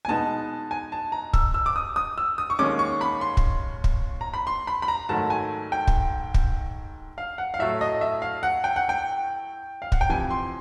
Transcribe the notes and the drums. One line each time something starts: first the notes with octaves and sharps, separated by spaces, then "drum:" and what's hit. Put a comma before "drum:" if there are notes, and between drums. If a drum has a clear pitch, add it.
G#5
B2 G#3 B3 D#4 A5
G#5
A5
A#5
E6, drum: kick
E6
D6
D#6
D#6
E6
D#6
C#6
D#2 D#3 G#3 C#4 D6
C#6
B5
C6
drum: kick
drum: kick
A#5
B5
C6
B5
B5
A#5
G#2 D#3 F#3 A3 A5
G#5
G5
drum: kick
drum: kick
F5
F#5
F5
A2 F#3 A3 E5
D#5
E5
F5
F#5
G5
F#5
G5
F5
F#5, drum: kick
G5
F2 C3 E3 G#5
C6